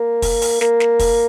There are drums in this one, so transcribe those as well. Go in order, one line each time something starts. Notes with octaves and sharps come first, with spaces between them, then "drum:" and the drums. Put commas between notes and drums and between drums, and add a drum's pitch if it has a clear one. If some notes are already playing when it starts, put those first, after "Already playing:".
Already playing: A#3
drum: kick, open hi-hat
drum: open hi-hat
A#3, drum: snare
drum: snare
drum: kick, open hi-hat